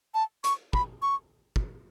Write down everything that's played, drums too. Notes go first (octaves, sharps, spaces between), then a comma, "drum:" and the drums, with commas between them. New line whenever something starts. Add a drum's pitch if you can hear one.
A5
C#6, drum: hi-hat
B5, drum: kick
C#6
drum: kick